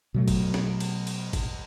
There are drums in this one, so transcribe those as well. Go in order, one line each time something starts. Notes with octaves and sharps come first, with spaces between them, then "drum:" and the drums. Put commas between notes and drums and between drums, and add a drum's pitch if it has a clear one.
B2 F#3 A3
drum: kick, cymbal
drum: snare
drum: cymbal
drum: cymbal
drum: kick, cymbal